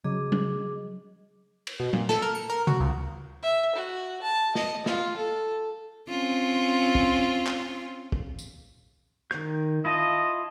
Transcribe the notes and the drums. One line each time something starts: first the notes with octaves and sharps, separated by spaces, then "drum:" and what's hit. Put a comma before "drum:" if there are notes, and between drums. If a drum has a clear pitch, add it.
C#3 F#3 G#4 D#5 D6
drum: tom F#3
drum: cymbal
B2
A#2, drum: tom F#3
A4, drum: snare
A#4
C#7
A#4
F#4, drum: tom C3
C#2
E5
F#4
A5
D#5, drum: snare
F4, drum: snare
A4
C4 C#4 F4
drum: kick
drum: clap
drum: kick
drum: tambourine
D#3 G6, drum: rim click
E4 F4 D#5 A5